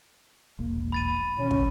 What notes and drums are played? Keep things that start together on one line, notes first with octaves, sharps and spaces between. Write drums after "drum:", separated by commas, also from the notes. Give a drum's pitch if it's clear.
E1 A#1 A#3
B5 A6 D#7
B2 D#3 C#4
drum: kick